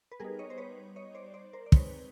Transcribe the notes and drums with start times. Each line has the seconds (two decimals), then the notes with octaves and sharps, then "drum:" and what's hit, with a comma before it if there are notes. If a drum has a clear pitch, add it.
0.12 B4
0.20 G3 B3 D#4 G#4 A#4
0.39 C#5 D#5
0.50 C5
0.58 B4 C#5
0.96 C#5 D#5
1.15 C5 D5
1.34 C5 D5
1.53 A#4 C5
1.66 D5
1.72 G#3 C4 D#4 B4 C#5, drum: kick